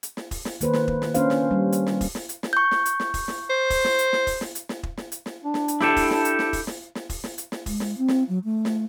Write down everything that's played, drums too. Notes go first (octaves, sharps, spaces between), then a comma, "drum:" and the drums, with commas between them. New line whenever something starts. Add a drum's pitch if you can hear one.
drum: hi-hat
drum: snare
drum: kick, open hi-hat
drum: snare
D#3 A#3 B4 C5, drum: hi-hat
drum: snare
drum: kick
drum: snare
A#3 C#4 D4 C5 F5, drum: hi-hat
drum: snare
G3
drum: hi-hat
drum: snare
drum: kick, open hi-hat
drum: snare
drum: hi-hat
drum: snare
C#6 G6
drum: snare
drum: hi-hat
drum: snare
drum: kick, open hi-hat
drum: snare
C5
drum: kick, open hi-hat
drum: snare
drum: hi-hat
drum: snare
drum: kick, open hi-hat
drum: snare
drum: hi-hat
drum: snare
drum: kick
drum: snare
drum: hi-hat
drum: snare
D4
drum: snare
drum: hi-hat
E4 G4 A4, drum: snare
drum: kick, open hi-hat
drum: snare
drum: hi-hat
drum: snare
drum: kick, open hi-hat
drum: snare
drum: snare
drum: kick, open hi-hat
drum: snare
drum: hi-hat
drum: snare
G#3, drum: kick, open hi-hat
drum: snare
C4
drum: snare
F#3
A3
drum: snare